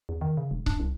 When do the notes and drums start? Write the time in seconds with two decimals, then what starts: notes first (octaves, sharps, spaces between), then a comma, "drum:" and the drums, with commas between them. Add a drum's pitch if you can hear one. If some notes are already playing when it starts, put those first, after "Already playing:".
0.09 E2
0.21 D#3
0.37 C#3
0.51 E1
0.66 D4, drum: kick C#1
0.80 C2